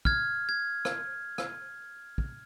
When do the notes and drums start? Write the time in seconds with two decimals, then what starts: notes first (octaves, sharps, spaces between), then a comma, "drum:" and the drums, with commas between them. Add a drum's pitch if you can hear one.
0.05 F6 G#6, drum: kick
0.49 G#6
0.85 drum: rim click
1.38 drum: rim click
2.18 drum: kick